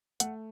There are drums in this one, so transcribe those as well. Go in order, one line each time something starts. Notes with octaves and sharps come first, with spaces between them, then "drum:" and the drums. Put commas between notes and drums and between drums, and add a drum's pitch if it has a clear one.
A3 F#5, drum: hi-hat